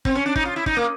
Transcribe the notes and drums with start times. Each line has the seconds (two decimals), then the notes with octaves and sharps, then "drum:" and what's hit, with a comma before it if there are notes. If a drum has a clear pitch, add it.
0.05 C4, drum: kick
0.15 C#4
0.26 D4
0.36 D#4, drum: kick
0.45 F4
0.56 E4
0.66 D#4, drum: kick
0.77 A#3